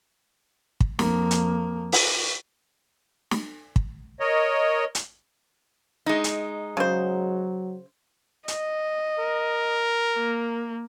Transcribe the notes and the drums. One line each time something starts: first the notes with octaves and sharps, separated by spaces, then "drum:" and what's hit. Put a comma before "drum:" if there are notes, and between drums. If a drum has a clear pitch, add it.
drum: kick
F2 A#3, drum: snare
drum: hi-hat
drum: open hi-hat
drum: snare
drum: kick
A#4 C#5 D#5
drum: hi-hat
G#3 D#4
drum: hi-hat
C#3 F#3 C5
D#5, drum: hi-hat
A#4
A#3